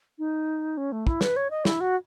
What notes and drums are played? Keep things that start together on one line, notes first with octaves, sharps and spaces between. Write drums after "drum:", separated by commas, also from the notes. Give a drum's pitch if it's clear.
D#4
C#4
A3
E4, drum: kick
B4, drum: snare
C#5
D#5
E4, drum: snare
F#4